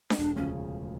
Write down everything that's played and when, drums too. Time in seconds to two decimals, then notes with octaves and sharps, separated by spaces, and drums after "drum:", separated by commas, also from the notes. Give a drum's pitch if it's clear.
0.10 C#4, drum: snare D4
0.18 E1 D4
0.36 D2 C#3 F3 C#4